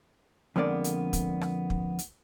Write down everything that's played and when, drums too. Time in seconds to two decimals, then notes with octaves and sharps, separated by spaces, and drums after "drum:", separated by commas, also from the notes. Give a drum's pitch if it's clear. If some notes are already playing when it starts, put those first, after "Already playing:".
0.56 F2 D3 G#3 A#3 B3 D5
0.84 drum: hi-hat
1.13 drum: kick, hi-hat
1.41 drum: rim click
1.70 drum: kick
1.99 drum: hi-hat